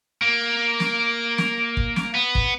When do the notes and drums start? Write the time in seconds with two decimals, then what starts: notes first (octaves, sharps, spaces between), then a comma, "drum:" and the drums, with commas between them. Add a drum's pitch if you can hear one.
0.22 A#3
0.80 drum: snare
1.38 drum: snare
1.77 drum: kick
1.96 drum: snare
2.15 B3
2.35 drum: kick